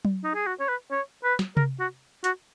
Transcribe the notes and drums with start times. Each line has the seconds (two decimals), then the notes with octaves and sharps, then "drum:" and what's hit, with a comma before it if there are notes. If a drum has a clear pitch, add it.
0.05 drum: tom F#3
0.24 D#4
0.35 G#4
0.47 F#4
0.60 C#5
0.69 B4
0.91 C#5
1.24 B4
1.39 drum: snare
1.57 A#4, drum: tom C3
1.80 F#4
2.24 F#4, drum: hi-hat